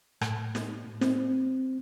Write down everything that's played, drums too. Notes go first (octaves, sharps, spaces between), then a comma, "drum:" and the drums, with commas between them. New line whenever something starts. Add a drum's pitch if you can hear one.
A2, drum: rim click
drum: snare
C4, drum: snare